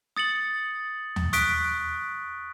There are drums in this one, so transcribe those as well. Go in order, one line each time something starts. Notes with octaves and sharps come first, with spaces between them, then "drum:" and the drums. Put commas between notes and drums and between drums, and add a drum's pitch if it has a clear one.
D#6 A6 C#7 F#7
drum: tom D#2
C#6 D#6 F#6 B6 D7, drum: hi-hat